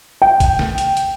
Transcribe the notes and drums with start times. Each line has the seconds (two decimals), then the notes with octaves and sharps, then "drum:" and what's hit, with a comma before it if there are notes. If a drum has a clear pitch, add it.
0.22 G5
0.40 drum: kick, hi-hat
0.59 drum: snare
0.78 drum: hi-hat
0.97 drum: hi-hat